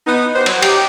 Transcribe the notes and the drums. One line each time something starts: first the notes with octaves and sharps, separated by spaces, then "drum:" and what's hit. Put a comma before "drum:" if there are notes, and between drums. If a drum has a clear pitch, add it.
B3 D#4
B3 G4 C5
F#3, drum: cymbal
D#4 G4, drum: cymbal